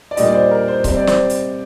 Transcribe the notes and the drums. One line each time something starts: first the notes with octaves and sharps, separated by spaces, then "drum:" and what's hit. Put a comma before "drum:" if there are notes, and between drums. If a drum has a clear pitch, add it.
D5
A#2 G3 D4 D#5, drum: hi-hat
D5
C5
A#4
C5
C3 G3 C4 C5, drum: kick C#1, hi-hat
D5
C5, drum: snare
drum: hi-hat